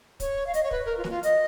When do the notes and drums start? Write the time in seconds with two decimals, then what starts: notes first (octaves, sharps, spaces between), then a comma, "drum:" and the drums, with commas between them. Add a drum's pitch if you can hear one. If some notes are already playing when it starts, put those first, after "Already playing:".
0.20 C#5, drum: kick, hi-hat
0.46 F5
0.54 D#5, drum: hi-hat
0.63 C#5
0.71 B4, drum: kick
0.85 A#4
0.97 F4
1.04 F#4, drum: snare
1.10 F4
1.23 D#5, drum: hi-hat